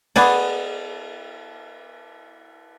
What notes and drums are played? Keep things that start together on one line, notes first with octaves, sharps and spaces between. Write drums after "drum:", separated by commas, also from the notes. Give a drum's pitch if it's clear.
B3 G#4 D5, drum: cymbal